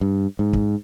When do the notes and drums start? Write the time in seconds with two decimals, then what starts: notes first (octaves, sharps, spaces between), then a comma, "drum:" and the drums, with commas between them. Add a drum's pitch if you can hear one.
0.01 G2
0.39 G#2
0.53 drum: kick